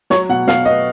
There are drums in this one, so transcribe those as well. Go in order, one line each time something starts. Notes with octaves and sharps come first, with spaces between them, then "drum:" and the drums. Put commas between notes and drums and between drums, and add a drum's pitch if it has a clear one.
F#3 C#5, drum: snare
B2 F#5
B2 F5, drum: snare
B3 D#5